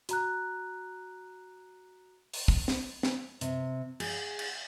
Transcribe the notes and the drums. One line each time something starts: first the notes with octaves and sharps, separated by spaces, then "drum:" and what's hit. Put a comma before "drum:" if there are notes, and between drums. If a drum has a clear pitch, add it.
F#4 A#5 F#6, drum: hi-hat
drum: open hi-hat
drum: kick
drum: snare
drum: snare
C3, drum: hi-hat
G#4, drum: cymbal
drum: cymbal